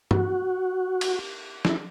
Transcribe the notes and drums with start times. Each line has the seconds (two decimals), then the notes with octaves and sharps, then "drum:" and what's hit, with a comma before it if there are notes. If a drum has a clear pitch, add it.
0.11 F#4, drum: tom G2
1.01 drum: cymbal
1.65 E4, drum: snare